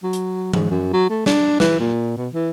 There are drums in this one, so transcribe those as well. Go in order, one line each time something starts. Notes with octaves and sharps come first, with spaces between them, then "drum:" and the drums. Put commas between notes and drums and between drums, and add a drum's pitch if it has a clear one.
F#3
drum: hi-hat
G#2, drum: tom E3
F#2
F#3
A3
D4, drum: snare
E3, drum: snare
A#2
B2
E3